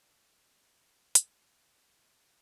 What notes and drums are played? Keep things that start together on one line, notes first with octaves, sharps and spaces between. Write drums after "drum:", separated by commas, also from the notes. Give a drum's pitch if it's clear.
D4 F4 A#4 C#5 D5
drum: hi-hat